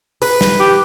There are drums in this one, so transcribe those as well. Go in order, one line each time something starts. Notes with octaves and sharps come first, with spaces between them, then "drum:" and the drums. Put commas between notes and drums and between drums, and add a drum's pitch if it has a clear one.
B4, drum: open hi-hat
drum: snare
G4